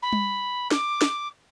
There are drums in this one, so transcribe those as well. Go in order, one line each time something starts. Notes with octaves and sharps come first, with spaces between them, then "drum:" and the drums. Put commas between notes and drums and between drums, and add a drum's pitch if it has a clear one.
B5
drum: tom G3
D6, drum: snare
drum: snare